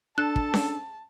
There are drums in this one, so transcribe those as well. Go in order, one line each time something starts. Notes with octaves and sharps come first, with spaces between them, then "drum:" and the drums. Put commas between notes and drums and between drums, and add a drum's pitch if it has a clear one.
D4 A4 A5 F#6
drum: kick
drum: snare C#4